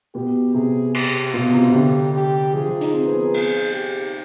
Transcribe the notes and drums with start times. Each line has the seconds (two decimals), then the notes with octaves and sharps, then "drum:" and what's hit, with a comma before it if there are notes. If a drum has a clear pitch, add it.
0.14 B2 G4
0.54 C3 G#4
0.94 G4, drum: cymbal
1.34 B2 F4
1.53 C3
1.69 C3
1.74 D3 G4
2.14 G4
2.53 F3 G#4
2.67 F3
2.81 D#4, drum: hi-hat
2.93 C4
3.07 B3
3.20 B3
3.34 C4, drum: cymbal
3.73 G4